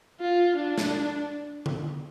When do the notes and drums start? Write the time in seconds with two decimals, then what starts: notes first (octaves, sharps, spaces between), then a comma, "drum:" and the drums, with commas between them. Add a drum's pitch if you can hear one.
0.21 F4
0.56 D4
0.78 drum: snare
1.66 drum: tom D3